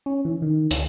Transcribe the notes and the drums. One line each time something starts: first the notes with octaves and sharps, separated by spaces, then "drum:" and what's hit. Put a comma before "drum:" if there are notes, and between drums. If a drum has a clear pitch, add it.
C#4
E3
D#3
D2, drum: hi-hat